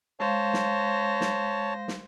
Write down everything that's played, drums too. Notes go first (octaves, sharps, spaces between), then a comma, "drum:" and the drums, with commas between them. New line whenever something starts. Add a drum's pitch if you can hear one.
G#3 C5 C#5 F5 A5 A#6
drum: snare
drum: snare
drum: snare